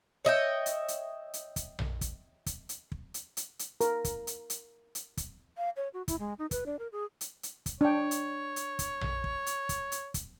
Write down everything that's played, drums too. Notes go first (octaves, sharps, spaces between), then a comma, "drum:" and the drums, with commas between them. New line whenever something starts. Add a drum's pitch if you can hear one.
C#5 D#5 E5 G5
drum: hi-hat
drum: hi-hat
drum: hi-hat
drum: kick, hi-hat
drum: tom A#1
drum: kick, hi-hat
drum: kick, hi-hat
drum: hi-hat
drum: kick
drum: hi-hat
drum: hi-hat
drum: hi-hat
A#4, drum: hi-hat
drum: kick, hi-hat
drum: hi-hat
drum: hi-hat
drum: hi-hat
drum: kick, hi-hat
F5
C#5
F#4
E4, drum: kick, hi-hat
G#3
D#4
B4, drum: kick, hi-hat
D4
A#4
G#4
drum: hi-hat
drum: hi-hat
drum: kick, hi-hat
D4 C#5 G5
drum: hi-hat
drum: hi-hat
drum: kick, hi-hat
drum: tom A#1
drum: kick
drum: hi-hat
drum: kick, hi-hat
drum: hi-hat
drum: kick, hi-hat